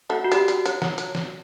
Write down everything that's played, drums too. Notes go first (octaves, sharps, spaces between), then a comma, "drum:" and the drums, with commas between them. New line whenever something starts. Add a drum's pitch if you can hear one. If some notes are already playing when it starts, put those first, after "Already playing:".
A3 F#4 F#5
F#4
G3 G4, drum: hi-hat
G3, drum: hi-hat
F#3, drum: hi-hat
F#3, drum: snare
F#3, drum: hi-hat
drum: snare